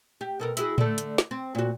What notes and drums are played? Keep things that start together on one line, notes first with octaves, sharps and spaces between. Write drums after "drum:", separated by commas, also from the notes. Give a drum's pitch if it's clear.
G4
B2 A4 A#4
E4 F#4 G#4, drum: hi-hat
D3 A3, drum: tom A2
drum: hi-hat
drum: snare
C4
A#2 F#4